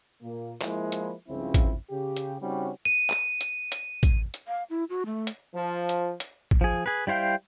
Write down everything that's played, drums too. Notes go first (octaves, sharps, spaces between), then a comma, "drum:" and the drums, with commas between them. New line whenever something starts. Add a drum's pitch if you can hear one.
A#2 A#3
F3 G#3 A#3 E4, drum: clap
drum: hi-hat
C#2 G2 C#3 F3 C4 E4
drum: kick, hi-hat
C#3 G4
drum: hi-hat
C#3 G3 C4 C#4 D#4 F#4
D#7
drum: clap
drum: hi-hat
drum: hi-hat
drum: kick, hi-hat
drum: hi-hat
F5
E4
F#4
A3
drum: hi-hat
F3
drum: hi-hat
drum: hi-hat
drum: kick
F3 G#4
G#4 B4
G3 E4 C5 F5 G5